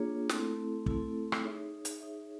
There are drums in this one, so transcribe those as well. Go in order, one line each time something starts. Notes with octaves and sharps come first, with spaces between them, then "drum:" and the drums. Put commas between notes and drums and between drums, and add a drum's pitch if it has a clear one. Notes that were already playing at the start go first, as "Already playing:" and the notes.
Already playing: A#3 D4 F4 G#4 C#5
A3 C4 E4 A4, drum: snare
A3 C4 E4 A4, drum: kick
drum: rim click
D#4 G#4 C#5 E5
drum: hi-hat
D#4 G#4 C#5 E5